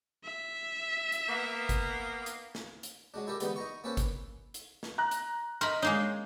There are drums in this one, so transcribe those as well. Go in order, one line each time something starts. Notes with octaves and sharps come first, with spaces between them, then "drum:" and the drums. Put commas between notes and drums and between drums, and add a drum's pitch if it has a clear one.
E5
drum: hi-hat
A#3 B3
drum: kick G1, hi-hat
drum: hi-hat
drum: snare
drum: hi-hat
F#3 G#3 D4
E4 G4 A4 A#4 D5
D3 E3 G3 G#3 B3 D#4, drum: hi-hat
D#4 A#5 C#6
A#3 C4 C#4 A4 B4 C5
drum: kick G1, hi-hat
drum: hi-hat
drum: snare
A#5 F#6
drum: hi-hat
A#4 D#5 B5 C6
G#3 A#3 C#4 D#4